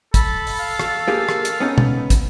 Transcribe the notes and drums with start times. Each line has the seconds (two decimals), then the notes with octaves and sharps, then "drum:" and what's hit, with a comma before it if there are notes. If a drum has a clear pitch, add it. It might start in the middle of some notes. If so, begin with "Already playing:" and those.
0.14 A4 B5, drum: kick, hi-hat
0.47 drum: open hi-hat
0.60 F5
0.80 drum: rim click
1.08 A#3 G4 G#4
1.29 drum: rim click
1.45 drum: hi-hat
1.60 B3 C#4 D#4
1.78 drum: tom
2.10 drum: kick, hi-hat